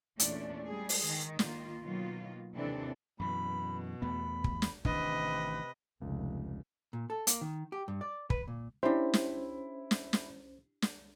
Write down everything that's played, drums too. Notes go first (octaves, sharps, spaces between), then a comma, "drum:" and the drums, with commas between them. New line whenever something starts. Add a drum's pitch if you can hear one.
E2 A#2 A3 C#4 D4 D5, drum: hi-hat
G3 G#3 G#4
drum: open hi-hat
D#3
D#3 A#3 F4, drum: snare
B2 D#3 F#3 A#3 F4
D#2 C3 E3 C4 D4 A4
F#2 B2 E3 B5
E2 A3 B3 B5
drum: kick
drum: snare
A1 C3 D#3 D4 B4 D#5, drum: kick
F1 C#2
A#2
A4
A#3, drum: hi-hat
D#3
G4
G2
D5
B4, drum: kick
A#2
C#4 D4 E4 G4 C5
drum: snare
drum: snare
drum: snare
drum: snare